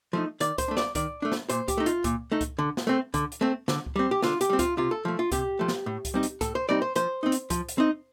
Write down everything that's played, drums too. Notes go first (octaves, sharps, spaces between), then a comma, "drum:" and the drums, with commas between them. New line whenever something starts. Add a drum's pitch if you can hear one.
F3 A3 D#4
D#3 D5, drum: hi-hat
C5, drum: kick C#2, hi-hat
A3 D4
D5, drum: snare
D#3 D5, drum: kick C#2, hi-hat
A3 D4
drum: snare
A#2 C5, drum: hi-hat
G4, drum: kick C#2, hi-hat
A3 D#4
F4, drum: hi-hat
A#2, drum: kick C#2, hi-hat
A3 D#4
drum: kick C#2, hi-hat
D3
drum: snare
A3 C4
D3, drum: kick C#2, hi-hat
drum: hi-hat
A3 C4
D3, drum: snare
drum: kick C#2
G3 C4
G4
D3 F4, drum: snare
G4, drum: hi-hat
G3 C4
F4, drum: kick C#2, hi-hat
C3 F4
A4
F3 A3
F4
C3 G4, drum: kick C#2, hi-hat
F3 A3
drum: snare
A2
drum: kick C#2, hi-hat
G3 C4 D#4
drum: hi-hat
A2 A4, drum: kick C#2, hi-hat
C5
G3 C4 D#4 D5
C5
F3 C5, drum: hi-hat
C4 D#4
drum: hi-hat
F3, drum: kick C#2, hi-hat
drum: hi-hat
C4 D#4